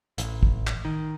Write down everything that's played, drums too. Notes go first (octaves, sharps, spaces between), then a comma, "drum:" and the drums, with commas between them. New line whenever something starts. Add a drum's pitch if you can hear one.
A1, drum: hi-hat
drum: kick
drum: clap
D#3